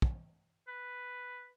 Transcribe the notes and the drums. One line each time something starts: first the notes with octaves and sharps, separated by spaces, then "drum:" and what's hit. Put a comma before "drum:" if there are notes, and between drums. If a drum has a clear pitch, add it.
drum: kick
B4